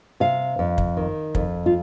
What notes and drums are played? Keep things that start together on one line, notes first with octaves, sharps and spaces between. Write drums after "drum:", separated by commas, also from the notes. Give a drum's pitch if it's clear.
C3 F5
F2
drum: kick
D#3
F2, drum: kick
F4